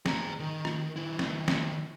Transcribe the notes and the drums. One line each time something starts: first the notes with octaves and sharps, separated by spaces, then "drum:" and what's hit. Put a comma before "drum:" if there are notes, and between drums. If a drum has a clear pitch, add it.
G#4 A#5, drum: snare
D#3
drum: rim click
D#3 E4
drum: snare
drum: snare